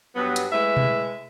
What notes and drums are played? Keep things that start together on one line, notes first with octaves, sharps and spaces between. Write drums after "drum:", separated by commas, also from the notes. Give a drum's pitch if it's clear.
G2 F#3 B3
drum: hi-hat
G#3 A3 E4 B4 E5
drum: tom B2